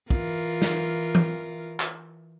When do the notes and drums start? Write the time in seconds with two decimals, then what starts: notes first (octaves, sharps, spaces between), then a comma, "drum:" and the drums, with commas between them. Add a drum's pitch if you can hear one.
0.10 E3 F4 A#4, drum: kick
0.62 drum: snare
1.15 drum: tom E3
1.80 drum: clap